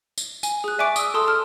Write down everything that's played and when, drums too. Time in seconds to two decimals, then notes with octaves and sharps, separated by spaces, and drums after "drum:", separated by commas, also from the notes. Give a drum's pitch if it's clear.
0.18 drum: tambourine
0.43 G#5, drum: tambourine
0.64 G#4 F#6
0.78 D5 E5 G#5 C#6 D6 D7
0.96 D#6 E6, drum: tambourine
1.14 A4 A5 C6 D#6 E6
1.27 A5 D#6 F6